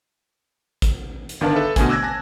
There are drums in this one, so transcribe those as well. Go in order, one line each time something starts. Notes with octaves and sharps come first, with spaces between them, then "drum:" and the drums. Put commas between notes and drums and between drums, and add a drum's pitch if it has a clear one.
drum: kick, hi-hat
drum: hi-hat
G1 D#3 D4 B4 F5 A5
A4 B4 E5 A5
B2 D3 A3 G#5, drum: kick, hi-hat
D6 E6 F#6 G#6 A#6
G#5 A5 A#6